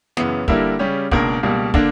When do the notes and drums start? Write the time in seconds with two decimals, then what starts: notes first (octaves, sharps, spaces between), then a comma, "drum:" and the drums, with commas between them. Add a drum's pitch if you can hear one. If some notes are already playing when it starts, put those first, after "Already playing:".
0.17 F#2 C#3 E3 B3, drum: snare
0.48 D3 G3 A#3 E4 A#4, drum: kick
0.79 C#3 G3 C#4 G4
1.11 C#2 B2 A#3 D4 A#4, drum: kick
1.43 C#2 B2 G3 A#3
1.74 D3 A#3 D4, drum: kick